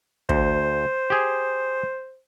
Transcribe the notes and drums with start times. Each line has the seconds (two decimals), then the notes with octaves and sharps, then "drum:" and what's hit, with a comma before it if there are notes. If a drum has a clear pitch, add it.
0.29 D2 C5, drum: kick
1.10 G4 G#4